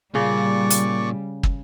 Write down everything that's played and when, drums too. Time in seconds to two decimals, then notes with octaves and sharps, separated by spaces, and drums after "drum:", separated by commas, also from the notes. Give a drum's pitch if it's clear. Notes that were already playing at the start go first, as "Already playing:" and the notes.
0.15 A#2 C#3 G3 F4 D5 C#6
0.71 drum: hi-hat
1.43 drum: kick